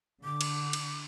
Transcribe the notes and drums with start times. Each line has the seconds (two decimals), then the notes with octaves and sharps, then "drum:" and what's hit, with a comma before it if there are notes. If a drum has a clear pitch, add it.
0.24 D3 D6
0.41 drum: cymbal
0.73 drum: cymbal